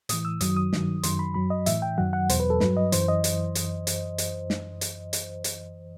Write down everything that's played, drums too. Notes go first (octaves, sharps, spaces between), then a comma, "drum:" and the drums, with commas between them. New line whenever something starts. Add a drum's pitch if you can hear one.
A2 E3 D#6, drum: hi-hat
E6
F#2 D#3 F#3 D#6, drum: hi-hat
D#6
G2 D#3 F#3, drum: snare
F#2 D#3 F#3 C6, drum: hi-hat
B5
F#2 F#3 B5
D#5
A2 E3 E5, drum: hi-hat
G5
F#2 D#3 F#3 F#5
F#5
E2 B2 F#3 C5, drum: hi-hat
B4
A4
G2 F#3 B4, drum: snare
D#5
F#2 E3 C5, drum: hi-hat
D#5
drum: hi-hat
drum: hi-hat
drum: hi-hat
drum: hi-hat
drum: snare
drum: hi-hat
drum: hi-hat
drum: hi-hat